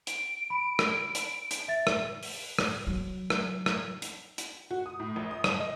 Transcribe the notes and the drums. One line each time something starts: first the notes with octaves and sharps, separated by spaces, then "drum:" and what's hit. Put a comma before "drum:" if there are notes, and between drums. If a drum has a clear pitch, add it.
D7, drum: hi-hat
B5
drum: rim click
drum: hi-hat
drum: hi-hat
E5 A6
drum: rim click
drum: open hi-hat
drum: rim click
F#3
drum: rim click
drum: rim click
drum: hi-hat
drum: hi-hat
F#4
D#6
A2
A#1
D#6
G1, drum: rim click
D#5